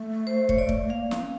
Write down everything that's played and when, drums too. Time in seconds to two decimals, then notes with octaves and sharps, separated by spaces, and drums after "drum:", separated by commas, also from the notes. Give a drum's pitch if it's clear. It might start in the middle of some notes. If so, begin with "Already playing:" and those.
Already playing: A3
0.27 C5
0.49 C#5, drum: kick
0.58 D5
0.69 drum: kick
0.90 A#3 F5
1.11 B3, drum: snare
1.23 C#4